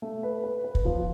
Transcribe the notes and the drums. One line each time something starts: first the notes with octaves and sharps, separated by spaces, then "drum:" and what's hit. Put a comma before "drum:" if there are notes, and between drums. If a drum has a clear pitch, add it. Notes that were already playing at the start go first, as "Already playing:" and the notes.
A3
B4
B4
B4
drum: kick
F3